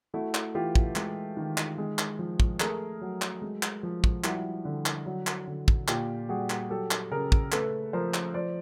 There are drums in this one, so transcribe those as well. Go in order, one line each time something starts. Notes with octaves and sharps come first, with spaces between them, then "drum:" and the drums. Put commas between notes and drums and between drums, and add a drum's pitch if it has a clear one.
A3 E4 F#4
drum: clap
E3 F4 G4
drum: kick
G#3, drum: clap
D#3
drum: clap
G#3
drum: clap
F3
drum: kick
A3 G#4 A#4, drum: clap
F#3
drum: clap
G#3
drum: clap
F3
drum: kick
G3 E4 F#4, drum: clap
D3
drum: clap
F#3
drum: clap
D3
drum: kick
A#2 F4 G4, drum: clap
G3 F#4 G#4
drum: clap
F#3 G4 A4
drum: clap
C#3 G#4 A#4
drum: kick
A3 A4 B4, drum: clap
F3 A#4 C5
drum: clap
F3 C5 D5